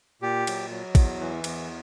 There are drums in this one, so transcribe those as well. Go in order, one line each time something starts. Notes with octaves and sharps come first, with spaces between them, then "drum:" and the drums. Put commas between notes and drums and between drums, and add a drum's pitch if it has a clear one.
A#2 G4
F#3, drum: cymbal
F#3
E2, drum: kick, cymbal
E3
E2, drum: cymbal